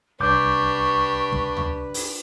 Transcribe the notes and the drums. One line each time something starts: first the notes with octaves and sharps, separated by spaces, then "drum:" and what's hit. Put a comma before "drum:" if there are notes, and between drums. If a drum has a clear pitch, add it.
C2 D4 G4 B4 C#6 D6 G6
drum: kick
drum: tom D2
drum: open hi-hat